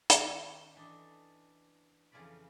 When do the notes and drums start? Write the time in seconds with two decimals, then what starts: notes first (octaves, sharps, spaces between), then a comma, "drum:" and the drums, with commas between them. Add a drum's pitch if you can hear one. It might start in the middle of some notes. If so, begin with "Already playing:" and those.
0.10 D#3 C#4 D4 C#5, drum: hi-hat
0.76 E3 D4 A4 D#5
2.12 F2 C#3 E3 F4 D5 B5